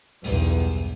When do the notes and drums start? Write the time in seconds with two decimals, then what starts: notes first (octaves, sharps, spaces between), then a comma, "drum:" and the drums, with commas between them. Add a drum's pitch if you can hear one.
0.24 B1 E2 G2, drum: open hi-hat